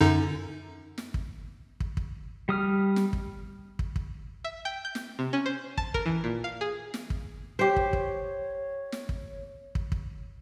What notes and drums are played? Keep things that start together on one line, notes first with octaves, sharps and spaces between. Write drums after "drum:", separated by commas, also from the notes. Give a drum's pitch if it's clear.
F#2 D3 D#4
drum: snare
drum: kick
drum: kick
drum: kick
G3 D#6 F6
drum: snare
drum: kick
drum: kick
drum: kick
E5
G5
G6
drum: snare
C3
C#4
C5
A5, drum: kick
A#4, drum: kick
E3
A#2
F5
G#4
drum: snare
drum: kick
G4 C5 C#5
drum: kick
drum: kick
drum: snare
drum: kick
drum: kick
drum: kick